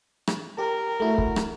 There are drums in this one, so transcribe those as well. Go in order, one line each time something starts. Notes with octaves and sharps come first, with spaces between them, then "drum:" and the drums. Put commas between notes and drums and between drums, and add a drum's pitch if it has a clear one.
drum: rim click
G4 A#4
A3 E4 F#4
drum: kick
drum: rim click